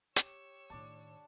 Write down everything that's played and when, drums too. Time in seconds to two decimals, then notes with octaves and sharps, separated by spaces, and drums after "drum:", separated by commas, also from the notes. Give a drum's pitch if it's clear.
0.16 G4 C#5 E6, drum: hi-hat
0.70 A2 D#3 D4 D5 A5